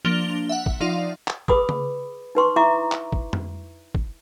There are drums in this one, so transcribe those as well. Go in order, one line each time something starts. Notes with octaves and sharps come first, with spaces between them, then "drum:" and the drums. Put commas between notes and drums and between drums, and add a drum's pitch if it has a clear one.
F3 A#3 D4 F7 G7
E5 F#5
drum: kick
F3 D#4 F4 D5 F5
drum: clap
G#4 B4 B5 D6 D#6, drum: kick
drum: tom C#3
D#4 B4 C6 C#6
E4 E5 A#5 C#6 D6
drum: clap
drum: kick
drum: tom F2
drum: kick